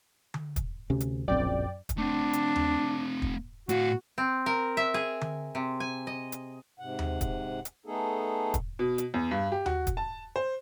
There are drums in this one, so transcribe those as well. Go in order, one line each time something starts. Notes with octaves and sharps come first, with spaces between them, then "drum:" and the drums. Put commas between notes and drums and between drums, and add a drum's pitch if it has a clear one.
drum: tom D3
drum: kick, hi-hat
D2 C3 C#4
drum: hi-hat
D1 A#1 F#2 C4 D5 G5
drum: kick, hi-hat
A3 C4 D4
drum: hi-hat
drum: tom D#2
drum: kick
A2 F#4 F5, drum: hi-hat
C4
A#4
E5
G#4
drum: tom D3
C3
G#5
D#5
drum: hi-hat
G#2 C3 F#5
drum: tom D#2
drum: kick, hi-hat
drum: hi-hat
A3 B3 D#4 G#4 A4
drum: kick, hi-hat
B2
drum: hi-hat
E2
G2
G4
F#4, drum: tom D#2
drum: kick, hi-hat
A5
C5